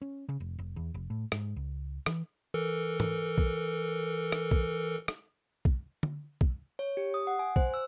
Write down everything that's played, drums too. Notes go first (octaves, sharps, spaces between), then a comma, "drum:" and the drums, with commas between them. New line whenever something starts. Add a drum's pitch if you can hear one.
C#4
C#3
F1
F1
E2
F1
A2
G#2, drum: rim click
C#2
E3, drum: rim click
E3 A4 A#4
drum: tom
drum: kick
drum: rim click
drum: kick
drum: rim click
drum: kick
drum: tom
drum: kick
C#5
G4
D#6
F#5
G#5
C5, drum: kick
E6